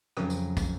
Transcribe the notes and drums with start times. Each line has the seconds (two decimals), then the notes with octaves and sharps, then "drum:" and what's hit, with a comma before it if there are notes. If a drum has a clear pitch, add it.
0.17 F2 C#3 F#3, drum: rim click
0.30 drum: tambourine
0.57 drum: kick, tambourine